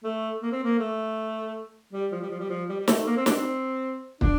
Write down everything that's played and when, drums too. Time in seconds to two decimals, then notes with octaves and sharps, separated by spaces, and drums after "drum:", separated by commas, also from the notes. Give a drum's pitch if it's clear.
0.04 A3
0.42 A#3
0.52 C4
0.63 A#3
0.79 A3
1.93 G3
2.12 F3
2.22 G3
2.30 F3
2.40 G3
2.49 F3
2.69 G3
2.80 G3
2.88 A3, drum: snare
3.07 A#3
3.16 C4
3.26 D4, drum: snare
3.36 C4
4.21 D4, drum: kick